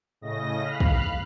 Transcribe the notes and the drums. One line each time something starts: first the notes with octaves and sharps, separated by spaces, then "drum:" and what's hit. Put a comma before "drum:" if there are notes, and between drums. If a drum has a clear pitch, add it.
A2 C#3 D#5 A#6
F5 B5 F6 F#6
drum: kick